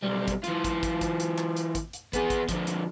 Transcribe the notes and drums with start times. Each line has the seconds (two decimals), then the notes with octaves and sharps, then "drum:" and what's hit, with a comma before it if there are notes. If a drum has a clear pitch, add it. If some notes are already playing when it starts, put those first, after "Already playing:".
0.03 B1 G3
0.28 drum: kick, hi-hat
0.44 E3 F4, drum: hi-hat
0.64 drum: kick, hi-hat
0.83 drum: kick, hi-hat
1.01 drum: kick, hi-hat
1.20 drum: hi-hat
1.38 drum: clap
1.57 drum: hi-hat
1.75 drum: kick, hi-hat
1.93 drum: hi-hat
2.13 B3 G#4, drum: kick, hi-hat
2.30 drum: kick, hi-hat
2.49 D3 F3, drum: kick, hi-hat
2.67 drum: hi-hat